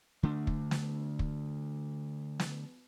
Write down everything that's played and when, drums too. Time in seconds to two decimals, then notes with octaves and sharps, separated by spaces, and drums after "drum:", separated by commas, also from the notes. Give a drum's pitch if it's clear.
0.23 D3 A3 D4
0.47 drum: kick
0.71 drum: snare
1.19 drum: kick
2.40 drum: snare